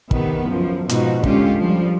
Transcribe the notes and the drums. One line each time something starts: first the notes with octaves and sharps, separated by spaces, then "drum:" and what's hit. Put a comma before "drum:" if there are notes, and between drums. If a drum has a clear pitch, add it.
C3 D#3 B3, drum: kick
F#2 F3
G#2 B2 F3 D#4 F#4, drum: hi-hat
D3 G#3 C#4 F4 G4, drum: kick
F3 G3